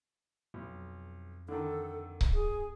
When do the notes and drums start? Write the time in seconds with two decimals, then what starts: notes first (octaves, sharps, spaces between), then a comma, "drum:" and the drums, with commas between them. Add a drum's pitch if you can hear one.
0.54 B1 F2
1.49 D3 D#3 A4
2.21 drum: kick C#1
2.33 G#4